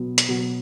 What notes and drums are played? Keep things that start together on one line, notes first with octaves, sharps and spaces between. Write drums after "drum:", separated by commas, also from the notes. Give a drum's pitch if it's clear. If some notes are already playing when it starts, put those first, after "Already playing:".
Already playing: B2 F#3 B3
drum: hi-hat
B2 F#3 B3